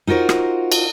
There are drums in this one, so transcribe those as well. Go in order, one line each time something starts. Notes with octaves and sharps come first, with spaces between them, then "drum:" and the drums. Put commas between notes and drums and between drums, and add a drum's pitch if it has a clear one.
D#4 F4 F#4 A#4 C5
drum: rim click
drum: cymbal